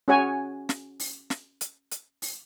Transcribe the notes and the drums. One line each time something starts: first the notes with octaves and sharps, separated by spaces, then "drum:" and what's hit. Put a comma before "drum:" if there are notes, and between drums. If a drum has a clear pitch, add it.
C#4 F#4 G#4 C#5 F#5 G#5
drum: snare
drum: open hi-hat
drum: snare
drum: hi-hat
drum: hi-hat
drum: open hi-hat